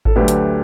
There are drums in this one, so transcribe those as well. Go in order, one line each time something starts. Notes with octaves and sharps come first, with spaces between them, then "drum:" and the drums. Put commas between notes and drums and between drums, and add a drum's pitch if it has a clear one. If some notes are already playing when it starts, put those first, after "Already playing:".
A4, drum: kick G#1
D2 D3 F#3 A3 G4 B4
drum: hi-hat